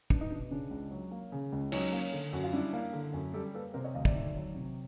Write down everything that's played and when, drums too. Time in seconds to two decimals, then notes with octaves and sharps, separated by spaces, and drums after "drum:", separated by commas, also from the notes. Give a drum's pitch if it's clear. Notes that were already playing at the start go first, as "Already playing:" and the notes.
0.10 B3 D4, drum: kick
0.21 D#4
0.30 B2 D4
0.51 C#3 D4
0.71 C#2
0.91 F#3
1.11 A#3
1.32 C#3
1.52 C#2
1.72 F#3 C#4 D#4, drum: cymbal
1.92 A#3
2.12 D3
2.33 F#2 F#4
2.43 F4
2.53 G3 D4 E4
2.73 A#3
2.93 D3
3.13 F#2
3.34 G3 G4 A4
3.54 A#3 A4 B4
3.74 C3 A#4 C5
3.84 C#5 D#5
3.94 D2 D#5 F5
4.05 D5 E5, drum: kick
4.15 D#3
4.36 F#3
4.55 C3